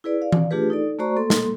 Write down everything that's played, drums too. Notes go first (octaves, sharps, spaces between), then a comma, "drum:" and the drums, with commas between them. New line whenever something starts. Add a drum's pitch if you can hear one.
E4 G#4 B4 D5
D5 F5
drum: tom E3
A3 D4 F4 G4 G#4 B4
D#4 A4 D5
A3 F#4 C5 D5 A#5 C#6
A#3 A4 C6
drum: snare